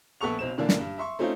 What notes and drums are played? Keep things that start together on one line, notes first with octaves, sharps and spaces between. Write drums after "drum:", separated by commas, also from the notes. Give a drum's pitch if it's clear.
A#1 B3 A4 A5 C#6 F7
B1 B2 C4 E7
A#2 D3 E3 A#3 D4
drum: snare
G2
E5 C6 C#6
A3 C4 C#4 D#4 F4